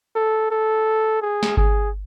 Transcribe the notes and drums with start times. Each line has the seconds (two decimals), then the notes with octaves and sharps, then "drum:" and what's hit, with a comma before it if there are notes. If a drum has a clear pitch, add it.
0.15 A4
0.51 A4
1.22 G#4
1.43 drum: snare
1.57 G#4, drum: kick G1